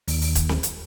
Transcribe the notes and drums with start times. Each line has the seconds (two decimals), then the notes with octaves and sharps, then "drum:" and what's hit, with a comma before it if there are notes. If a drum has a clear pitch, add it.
0.08 D#2, drum: open hi-hat
0.21 drum: open hi-hat
0.35 drum: kick, hi-hat
0.49 drum: snare C4
0.63 drum: hi-hat